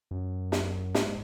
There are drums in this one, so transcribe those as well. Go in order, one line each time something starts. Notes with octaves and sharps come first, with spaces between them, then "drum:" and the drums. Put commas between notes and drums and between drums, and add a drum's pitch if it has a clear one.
F#2
drum: snare
G#2, drum: snare